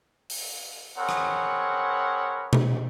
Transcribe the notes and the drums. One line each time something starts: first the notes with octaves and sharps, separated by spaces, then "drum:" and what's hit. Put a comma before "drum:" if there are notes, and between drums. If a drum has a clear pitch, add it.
drum: open hi-hat
C4 G#4 A#4 B4 C#5 F#5
drum: rim click
drum: tom B2